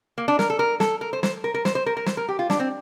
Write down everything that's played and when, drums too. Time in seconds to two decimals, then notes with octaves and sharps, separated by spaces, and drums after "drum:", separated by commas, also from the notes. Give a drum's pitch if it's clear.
0.18 A#3
0.28 D4
0.39 A#4, drum: snare
0.50 A4
0.59 A#4
0.80 A4, drum: snare
1.01 A#4
1.13 C5
1.23 C5, drum: snare
1.44 A#4
1.54 A#4
1.65 C5, drum: snare
1.75 C5
1.86 A#4
1.97 A#4
2.06 C5, drum: snare
2.17 A#4
2.28 G4
2.39 F4
2.50 D4, drum: snare
2.60 C4